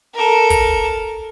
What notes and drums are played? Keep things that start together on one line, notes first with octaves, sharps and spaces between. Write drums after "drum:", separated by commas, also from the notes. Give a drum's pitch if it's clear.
A4 A#4
drum: kick, hi-hat